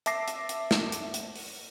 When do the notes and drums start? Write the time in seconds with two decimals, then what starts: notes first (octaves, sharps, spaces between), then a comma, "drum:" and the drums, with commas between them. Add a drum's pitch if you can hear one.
0.06 E5 A5 D6 A#6 C7, drum: hi-hat
0.28 drum: hi-hat
0.49 drum: hi-hat
0.71 drum: snare
0.92 drum: hi-hat
1.14 drum: hi-hat
1.36 drum: open hi-hat